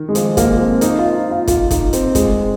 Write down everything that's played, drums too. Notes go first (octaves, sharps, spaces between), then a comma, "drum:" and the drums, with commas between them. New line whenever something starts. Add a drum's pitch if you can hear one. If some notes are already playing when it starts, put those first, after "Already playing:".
Already playing: D#3
G#3
F3, drum: hi-hat
A#3, drum: kick, hi-hat
C4
D#4, drum: hi-hat
F4
D#4
F4
F4, drum: kick, hi-hat
D#4, drum: kick, hi-hat
C4, drum: hi-hat
G#3, drum: kick, hi-hat